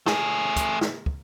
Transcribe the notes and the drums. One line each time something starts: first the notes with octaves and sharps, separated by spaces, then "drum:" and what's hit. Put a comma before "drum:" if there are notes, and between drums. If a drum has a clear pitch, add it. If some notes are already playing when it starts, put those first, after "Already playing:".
A3 G#4, drum: snare
drum: kick, hi-hat
drum: snare
drum: kick